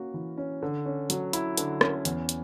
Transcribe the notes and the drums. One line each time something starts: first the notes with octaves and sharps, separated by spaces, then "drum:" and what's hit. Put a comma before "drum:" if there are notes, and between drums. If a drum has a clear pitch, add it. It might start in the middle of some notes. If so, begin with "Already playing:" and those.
Already playing: A#3 C#4 F#4
E3
C#4
D3
C#4
F#3, drum: hi-hat
E4, drum: hi-hat
D3, drum: hi-hat
C#4, drum: rim click
E2, drum: hi-hat
drum: hi-hat